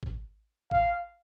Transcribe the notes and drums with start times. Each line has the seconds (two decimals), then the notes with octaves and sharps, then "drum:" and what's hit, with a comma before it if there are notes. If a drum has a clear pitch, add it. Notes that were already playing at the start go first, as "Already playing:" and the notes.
0.03 drum: kick
0.71 F5, drum: kick